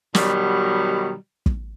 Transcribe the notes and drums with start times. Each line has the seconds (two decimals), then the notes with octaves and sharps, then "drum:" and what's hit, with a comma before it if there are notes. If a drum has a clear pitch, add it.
0.15 B2 D#3 F#3 G3, drum: snare
1.46 drum: kick